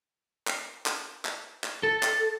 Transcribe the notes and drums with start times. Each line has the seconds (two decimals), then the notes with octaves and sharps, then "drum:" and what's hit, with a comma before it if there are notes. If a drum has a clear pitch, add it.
0.47 drum: clap
0.86 drum: clap
1.25 drum: clap
1.64 drum: clap
1.83 A4
2.03 drum: clap